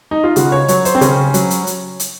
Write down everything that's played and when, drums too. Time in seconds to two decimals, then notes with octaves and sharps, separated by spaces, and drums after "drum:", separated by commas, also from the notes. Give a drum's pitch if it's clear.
0.11 D#4
0.24 F4
0.36 C#3 F#4, drum: hi-hat
0.52 C#5
0.68 F#3 C#5, drum: hi-hat
0.85 C5, drum: hi-hat
0.95 C4
1.01 C#3 C#4, drum: hi-hat
1.34 F#3, drum: hi-hat
1.50 drum: hi-hat
1.67 drum: hi-hat
2.00 drum: hi-hat